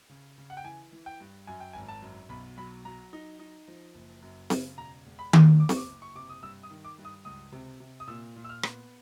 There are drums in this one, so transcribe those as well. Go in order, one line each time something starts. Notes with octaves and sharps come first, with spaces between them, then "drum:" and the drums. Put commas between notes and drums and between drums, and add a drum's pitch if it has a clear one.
C#3
C#3
F#5
G5
E3 G#5
E3
G5
G2
F#2 G#5
G5
G#1 G#5
A5
F#2
B1 B5
F#3 B5
F#3 A#5
D#4
D#4
F3
F#1
F#2
C#3, drum: snare C4
E1 A#5
E1
B5
D2, drum: tom D#3
F#1 D6
C#6, drum: snare C4
D6
F#1
C#6
C3 D6
D#6
G2 E6
D#6
D#3
D6
G2
D#6
C#2 D#6
C3
C3
D#6
A#2 E6
A#2
E6
F6
B3, drum: rim click